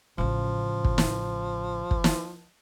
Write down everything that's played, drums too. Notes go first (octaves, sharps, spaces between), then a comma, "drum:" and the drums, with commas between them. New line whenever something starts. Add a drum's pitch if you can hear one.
A1 C#3 F3
drum: kick
drum: snare
drum: kick
drum: snare